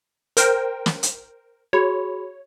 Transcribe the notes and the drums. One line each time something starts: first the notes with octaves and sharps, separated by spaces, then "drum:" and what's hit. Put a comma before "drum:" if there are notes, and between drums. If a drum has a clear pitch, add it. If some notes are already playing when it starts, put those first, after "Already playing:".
A#4 C5 G5, drum: hi-hat
drum: snare
drum: hi-hat
F#4 G#4 C#5 B5